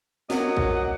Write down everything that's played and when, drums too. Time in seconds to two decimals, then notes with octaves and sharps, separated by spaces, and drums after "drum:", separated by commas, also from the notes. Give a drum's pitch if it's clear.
0.30 F#3 A#3 D#5 F#5, drum: snare
0.57 drum: kick G#1